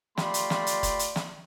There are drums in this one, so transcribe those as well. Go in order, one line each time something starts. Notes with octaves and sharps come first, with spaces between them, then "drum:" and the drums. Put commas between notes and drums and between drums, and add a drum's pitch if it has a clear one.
A3 F4 G4 D5 B5 C6, drum: snare
drum: hi-hat
drum: snare
drum: hi-hat
drum: kick, hi-hat
drum: hi-hat
drum: snare